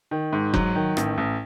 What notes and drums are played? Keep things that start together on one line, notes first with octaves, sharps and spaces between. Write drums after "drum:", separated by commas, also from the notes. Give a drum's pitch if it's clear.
D#3
G#2
F#3, drum: kick F1
D#3
A1, drum: rim click
A1